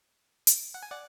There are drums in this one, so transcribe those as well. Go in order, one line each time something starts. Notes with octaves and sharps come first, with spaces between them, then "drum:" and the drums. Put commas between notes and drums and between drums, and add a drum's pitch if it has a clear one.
drum: hi-hat
F#5
G#5
D5 F#5